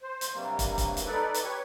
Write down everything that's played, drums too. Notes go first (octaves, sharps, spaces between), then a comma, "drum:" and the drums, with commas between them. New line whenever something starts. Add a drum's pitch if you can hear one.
C5
drum: hi-hat
G2 C3 F#3 G3 A#3
drum: kick, hi-hat
drum: kick, hi-hat
drum: hi-hat
D#4 A4 B4 D5
drum: hi-hat
G4 B4 C#5 C#6